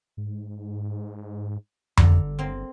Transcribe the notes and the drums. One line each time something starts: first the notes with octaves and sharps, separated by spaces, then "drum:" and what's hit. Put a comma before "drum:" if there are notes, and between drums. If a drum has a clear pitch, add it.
G#2
G1 D3 A#5, drum: tom F2
A#3 C4